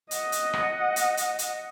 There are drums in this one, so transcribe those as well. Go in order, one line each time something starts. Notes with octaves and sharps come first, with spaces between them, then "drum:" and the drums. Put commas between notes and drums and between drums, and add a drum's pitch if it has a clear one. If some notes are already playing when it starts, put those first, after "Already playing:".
D#5 F#5, drum: hi-hat
drum: hi-hat
drum: rim click
drum: hi-hat
drum: hi-hat
drum: hi-hat